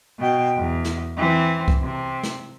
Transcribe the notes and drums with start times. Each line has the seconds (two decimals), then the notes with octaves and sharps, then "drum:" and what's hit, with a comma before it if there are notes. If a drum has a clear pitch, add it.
0.19 B2 G5
0.57 E2
0.84 drum: snare
1.17 E3 C4
1.68 drum: kick C2
1.82 C3
2.23 drum: snare